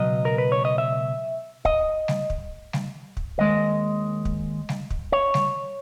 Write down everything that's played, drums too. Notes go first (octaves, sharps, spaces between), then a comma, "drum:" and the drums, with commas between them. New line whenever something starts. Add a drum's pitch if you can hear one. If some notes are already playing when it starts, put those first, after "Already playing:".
Already playing: C#2 B2 F#3 D#5
A#4
B4
C#5
D#5
E5
D#5, drum: kick
drum: snare G3
drum: kick
drum: snare G3
drum: kick
D#2 D#3 G#3 D#5
drum: kick
drum: snare G3
drum: kick
C#5
drum: snare G3